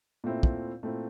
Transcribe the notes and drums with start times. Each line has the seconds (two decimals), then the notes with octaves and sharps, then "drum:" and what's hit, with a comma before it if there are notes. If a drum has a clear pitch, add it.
0.24 A#2 A3 C4 E4
0.43 drum: kick
0.83 A#2 A3 C4 E4